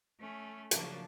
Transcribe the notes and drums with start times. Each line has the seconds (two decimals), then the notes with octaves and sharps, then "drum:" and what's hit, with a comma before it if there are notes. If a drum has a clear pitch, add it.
0.20 A3 C#4
0.71 A2 C#3 F3 F#3 A#3 D4, drum: hi-hat